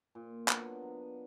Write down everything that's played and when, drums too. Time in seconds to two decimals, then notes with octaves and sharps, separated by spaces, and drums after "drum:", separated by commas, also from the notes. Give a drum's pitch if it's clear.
0.15 A#2
0.48 F#3 B3 D4, drum: clap
0.82 F#3